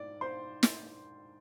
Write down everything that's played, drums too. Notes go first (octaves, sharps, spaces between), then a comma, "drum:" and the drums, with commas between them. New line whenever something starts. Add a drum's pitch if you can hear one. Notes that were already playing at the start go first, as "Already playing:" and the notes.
Already playing: G#2 D5
C5 C6
drum: snare